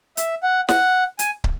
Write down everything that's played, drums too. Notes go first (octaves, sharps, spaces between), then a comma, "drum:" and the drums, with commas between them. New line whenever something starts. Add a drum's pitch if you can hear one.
E5, drum: hi-hat
F#5
F#5, drum: snare
G#5, drum: hi-hat
drum: kick